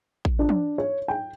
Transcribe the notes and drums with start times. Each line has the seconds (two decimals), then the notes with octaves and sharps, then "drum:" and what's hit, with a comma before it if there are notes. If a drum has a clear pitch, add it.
0.25 drum: kick A1
0.39 D4
0.49 drum: tom
0.78 C#5
1.08 G5